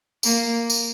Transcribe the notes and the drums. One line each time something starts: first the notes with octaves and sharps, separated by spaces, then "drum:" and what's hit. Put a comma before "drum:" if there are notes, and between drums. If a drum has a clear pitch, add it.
A#3, drum: tambourine
drum: tambourine